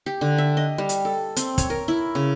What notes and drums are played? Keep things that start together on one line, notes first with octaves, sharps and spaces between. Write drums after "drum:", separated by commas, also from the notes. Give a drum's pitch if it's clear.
G4
D3
E5
D#5
G3
drum: hi-hat
A4
C4, drum: hi-hat
C#5, drum: kick, hi-hat
A#4
E4
C#3